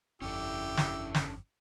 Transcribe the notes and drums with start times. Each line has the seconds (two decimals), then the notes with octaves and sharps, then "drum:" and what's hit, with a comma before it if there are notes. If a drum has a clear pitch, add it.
0.22 G1 F2 C#4 D4 E4 G4 A4 E6
0.77 drum: snare
1.14 drum: snare